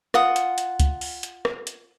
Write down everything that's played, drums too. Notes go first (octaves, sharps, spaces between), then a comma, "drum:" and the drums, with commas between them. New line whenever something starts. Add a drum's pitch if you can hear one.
F4 F#5 D#6, drum: rim click
drum: hi-hat
drum: hi-hat
drum: kick C#2, hi-hat
drum: open hi-hat
drum: hi-hat
drum: rim click
drum: hi-hat